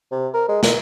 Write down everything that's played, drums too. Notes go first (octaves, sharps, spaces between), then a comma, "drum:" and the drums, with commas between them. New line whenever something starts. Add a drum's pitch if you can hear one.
C3
A#4
G#3
A#2, drum: snare